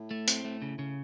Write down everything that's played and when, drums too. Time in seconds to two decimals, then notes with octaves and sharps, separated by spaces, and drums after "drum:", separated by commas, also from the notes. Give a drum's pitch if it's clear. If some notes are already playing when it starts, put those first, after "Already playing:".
Already playing: A2
0.11 A3
0.28 C4, drum: hi-hat
0.45 A3
0.62 C#3
0.79 C#3